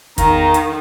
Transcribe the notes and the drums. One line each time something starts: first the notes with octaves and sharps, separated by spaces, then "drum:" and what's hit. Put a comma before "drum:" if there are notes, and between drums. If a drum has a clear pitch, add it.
E2 D#3 F5 A#5, drum: kick, hi-hat
drum: hi-hat